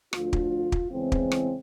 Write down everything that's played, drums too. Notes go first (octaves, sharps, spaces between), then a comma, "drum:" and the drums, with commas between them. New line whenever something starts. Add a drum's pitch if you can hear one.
D2 D3 F3 F4, drum: rim click
drum: kick
drum: kick
E2 C#3 E3 G#3 C4
drum: kick
drum: rim click